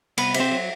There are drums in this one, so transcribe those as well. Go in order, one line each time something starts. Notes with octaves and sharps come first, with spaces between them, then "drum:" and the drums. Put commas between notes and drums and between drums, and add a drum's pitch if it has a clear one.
C2 B3 B4, drum: cymbal
C3, drum: cymbal
C4 C5
F#3